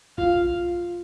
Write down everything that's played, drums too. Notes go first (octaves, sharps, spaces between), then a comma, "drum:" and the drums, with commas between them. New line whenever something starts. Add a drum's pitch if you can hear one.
F4 F5, drum: kick A#1